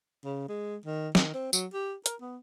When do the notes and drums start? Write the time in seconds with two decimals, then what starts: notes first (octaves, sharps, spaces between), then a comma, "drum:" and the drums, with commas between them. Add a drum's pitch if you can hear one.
0.25 C#3
0.49 G#3
0.86 D#3
1.15 D#3, drum: snare
1.34 C4
1.53 F#3, drum: tambourine
1.73 G4
2.06 A#4, drum: hi-hat
2.21 B3